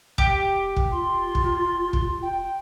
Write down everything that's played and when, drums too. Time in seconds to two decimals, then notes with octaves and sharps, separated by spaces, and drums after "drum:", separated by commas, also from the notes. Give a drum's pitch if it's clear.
0.18 G4, drum: kick
0.76 drum: kick
0.91 F4 C6
1.35 drum: kick
1.93 drum: kick
2.22 G5